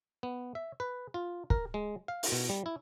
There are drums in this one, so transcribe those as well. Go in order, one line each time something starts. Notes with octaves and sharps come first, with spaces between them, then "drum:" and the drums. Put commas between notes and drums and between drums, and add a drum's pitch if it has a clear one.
B3
E5
B4
F4
A#4, drum: kick
G#3
F5
drum: open hi-hat
B2
G3
E4